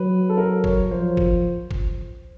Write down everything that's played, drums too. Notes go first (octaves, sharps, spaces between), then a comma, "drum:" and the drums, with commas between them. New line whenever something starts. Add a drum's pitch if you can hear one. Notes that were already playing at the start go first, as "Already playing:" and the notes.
Already playing: F#3 B4
A4
A#4
C#5, drum: kick
F3 C5
drum: kick
drum: kick